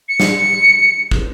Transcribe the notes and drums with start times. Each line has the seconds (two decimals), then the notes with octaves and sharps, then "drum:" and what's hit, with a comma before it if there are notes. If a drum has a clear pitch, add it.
0.09 C#7
0.20 drum: snare
1.11 drum: kick